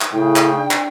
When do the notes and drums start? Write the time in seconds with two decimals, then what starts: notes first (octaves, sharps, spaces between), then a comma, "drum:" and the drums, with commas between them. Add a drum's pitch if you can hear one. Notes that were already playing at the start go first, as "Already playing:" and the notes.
0.01 drum: clap
0.13 A2 C#3 G5
0.36 drum: clap
0.54 D4
0.71 drum: clap